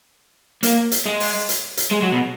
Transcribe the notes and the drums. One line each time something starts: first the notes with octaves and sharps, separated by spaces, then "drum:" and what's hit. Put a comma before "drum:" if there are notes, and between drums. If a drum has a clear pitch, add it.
A#3, drum: hi-hat
drum: hi-hat
G#3
drum: open hi-hat
drum: hi-hat
drum: hi-hat
G#3
F#3
B2